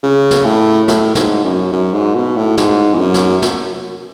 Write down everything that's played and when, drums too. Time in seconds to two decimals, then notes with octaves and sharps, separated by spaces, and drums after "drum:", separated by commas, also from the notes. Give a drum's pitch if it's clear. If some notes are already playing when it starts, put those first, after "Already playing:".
0.03 C#3
0.31 drum: snare
0.44 A2
0.88 A2, drum: snare
1.15 G#2, drum: snare
1.45 F#2
1.72 F#2
1.93 G#2
2.15 B2
2.37 A2
2.57 G#2, drum: snare
2.94 E2
2.99 F#2
3.14 drum: snare
3.42 drum: snare